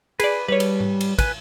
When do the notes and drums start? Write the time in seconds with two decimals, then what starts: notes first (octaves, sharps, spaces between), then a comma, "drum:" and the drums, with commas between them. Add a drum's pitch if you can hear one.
0.20 G#4 B4 D5, drum: cymbal
0.48 G3 B4 C#5
0.60 drum: cymbal
0.80 drum: tom G#2
1.01 drum: cymbal
1.19 B4 G#5, drum: kick, cymbal